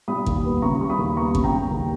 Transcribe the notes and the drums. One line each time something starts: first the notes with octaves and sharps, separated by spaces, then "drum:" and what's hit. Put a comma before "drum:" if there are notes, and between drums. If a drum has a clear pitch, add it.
G3 B5 D#6
D#2, drum: kick A1
B3
C#3 A#5 C#6
G3 C#6
B5 D#6
D#2
B3 A#5 C#6
C#3, drum: kick A1
G5 A#5
G3
D#2